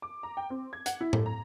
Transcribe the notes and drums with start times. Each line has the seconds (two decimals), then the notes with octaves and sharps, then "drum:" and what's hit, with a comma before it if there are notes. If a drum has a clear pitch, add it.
0.02 D6
0.23 A#5
0.37 G5
0.50 C4
0.73 G#6
0.86 F#5, drum: hi-hat
1.01 E4
1.13 A3, drum: tom A2
1.26 A#5